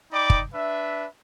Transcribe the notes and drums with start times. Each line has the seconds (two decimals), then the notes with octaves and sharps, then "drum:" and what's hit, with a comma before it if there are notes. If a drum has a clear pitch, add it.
0.12 D#4 D5 G5 B5 D6
0.30 drum: kick
0.54 D4 B4 E5